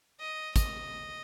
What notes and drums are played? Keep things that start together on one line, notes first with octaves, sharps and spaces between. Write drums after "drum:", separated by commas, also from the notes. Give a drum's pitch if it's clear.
D#5
D#5, drum: kick, hi-hat